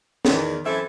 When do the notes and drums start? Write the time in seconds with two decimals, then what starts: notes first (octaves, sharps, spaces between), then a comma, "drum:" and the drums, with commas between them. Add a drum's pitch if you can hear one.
0.25 E2 D#3, drum: snare
0.64 F#2 E3 C4 A4 E5